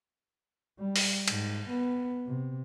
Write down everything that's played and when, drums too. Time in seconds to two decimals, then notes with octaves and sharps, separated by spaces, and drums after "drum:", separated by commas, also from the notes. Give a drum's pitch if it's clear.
0.79 G3
0.96 drum: open hi-hat
1.28 G#2, drum: cymbal
1.69 B3
2.27 C3